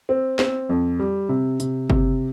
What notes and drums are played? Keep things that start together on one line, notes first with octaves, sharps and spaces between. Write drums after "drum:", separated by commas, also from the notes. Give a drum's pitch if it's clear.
C4
C4, drum: snare
F2
G3
C3
C3, drum: hi-hat
C3, drum: kick F#1